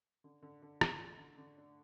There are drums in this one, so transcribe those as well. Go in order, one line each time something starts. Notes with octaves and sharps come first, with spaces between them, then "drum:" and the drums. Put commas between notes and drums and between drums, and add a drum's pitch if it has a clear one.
D3
D3
D3
A3, drum: rim click
D4
D3
D3
D4